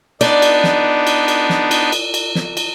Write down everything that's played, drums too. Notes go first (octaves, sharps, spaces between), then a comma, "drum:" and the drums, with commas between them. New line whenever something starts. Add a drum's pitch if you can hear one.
B3 D4 D#4 D5, drum: cymbal
drum: cymbal
drum: snare
drum: cymbal
drum: cymbal
drum: snare
drum: cymbal
drum: cymbal
drum: cymbal
drum: snare
drum: cymbal